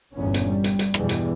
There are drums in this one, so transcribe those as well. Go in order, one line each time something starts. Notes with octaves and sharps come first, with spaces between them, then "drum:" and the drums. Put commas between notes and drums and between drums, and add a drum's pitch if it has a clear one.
G1 E2 A#2 B3 C#4
drum: hi-hat
G3
drum: hi-hat
drum: hi-hat
E2 G2 B2 E3 G3 G#3, drum: rim click
drum: hi-hat